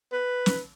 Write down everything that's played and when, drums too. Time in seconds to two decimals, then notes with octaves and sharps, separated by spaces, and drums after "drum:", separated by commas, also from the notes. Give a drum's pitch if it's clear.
0.12 B4
0.46 drum: snare